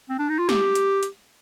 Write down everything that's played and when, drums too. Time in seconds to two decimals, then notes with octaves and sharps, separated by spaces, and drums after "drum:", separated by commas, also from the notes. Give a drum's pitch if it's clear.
0.10 C4
0.19 D4
0.29 D#4
0.39 F4
0.49 G4, drum: snare
0.75 drum: hi-hat
1.03 drum: hi-hat